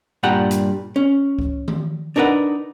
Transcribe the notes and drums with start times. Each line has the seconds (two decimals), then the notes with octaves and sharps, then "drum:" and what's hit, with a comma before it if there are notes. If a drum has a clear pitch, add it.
0.23 G2 A#2 G3 F#5 G5 A#5
0.51 drum: hi-hat
0.96 C#4
1.39 drum: kick C#2
1.68 drum: tom D#3
2.16 D4 D#4 A#4 B4 F#5